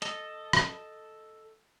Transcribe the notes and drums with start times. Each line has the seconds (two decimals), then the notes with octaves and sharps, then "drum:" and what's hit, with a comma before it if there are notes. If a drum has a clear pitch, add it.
0.02 A4 D#5, drum: hi-hat
0.53 drum: rim click